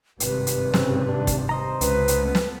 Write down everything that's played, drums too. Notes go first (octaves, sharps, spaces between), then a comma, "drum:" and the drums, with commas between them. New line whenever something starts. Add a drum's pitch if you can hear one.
G#1 G2 C3 B4, drum: hi-hat
drum: hi-hat
C#3 C4, drum: snare
D4
drum: kick, hi-hat
C5 D#5 A#5
C#2 B4, drum: hi-hat
drum: hi-hat
A3 B3
drum: snare